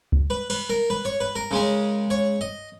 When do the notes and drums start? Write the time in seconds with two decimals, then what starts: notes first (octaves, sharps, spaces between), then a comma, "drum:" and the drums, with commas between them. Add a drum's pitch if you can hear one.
0.12 drum: kick C#2
0.30 B4
0.50 B4, drum: cymbal
0.70 A#4
0.90 B4
1.05 C#5
1.20 B4
1.36 A#4
1.51 C#3 G#3 C#4
2.10 C#5
2.41 D#5